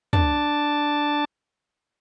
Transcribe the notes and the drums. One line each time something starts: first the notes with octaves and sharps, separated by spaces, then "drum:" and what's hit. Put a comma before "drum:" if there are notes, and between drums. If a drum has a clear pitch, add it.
D4 A5, drum: tom